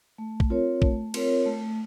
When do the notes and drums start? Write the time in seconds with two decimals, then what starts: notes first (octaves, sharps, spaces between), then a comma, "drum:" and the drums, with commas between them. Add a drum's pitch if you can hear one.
0.18 A3
0.40 drum: kick A#1
0.50 C4 F4 A#4 C#5
0.82 A3, drum: kick A#1
1.14 C4 F4 A#4 C#5, drum: cymbal
1.46 A3